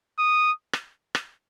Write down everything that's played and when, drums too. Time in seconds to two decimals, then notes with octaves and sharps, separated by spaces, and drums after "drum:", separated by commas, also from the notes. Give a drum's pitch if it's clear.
0.18 D#6
0.73 drum: rim click
1.15 drum: rim click